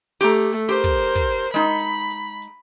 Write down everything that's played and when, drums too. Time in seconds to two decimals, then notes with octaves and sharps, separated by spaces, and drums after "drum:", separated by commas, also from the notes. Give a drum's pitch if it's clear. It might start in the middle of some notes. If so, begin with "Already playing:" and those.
0.21 A3 G4 A#5
0.52 drum: hi-hat
0.69 G4 A#4 C5
0.84 drum: kick, hi-hat
1.15 drum: kick, hi-hat
1.54 G#3 D#4 B5
1.79 drum: hi-hat
2.10 drum: hi-hat
2.42 drum: hi-hat